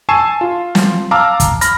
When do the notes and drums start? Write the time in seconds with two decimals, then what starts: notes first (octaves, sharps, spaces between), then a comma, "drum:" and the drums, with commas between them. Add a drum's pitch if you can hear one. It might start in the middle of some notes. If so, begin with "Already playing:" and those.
0.09 G#5 A5 C#6 E6 C7 E7
0.41 F4
0.75 drum: snare
1.11 F5 A5 A#5 D6 E6 F6
1.40 drum: kick, hi-hat
1.61 B5 F6 A#6, drum: hi-hat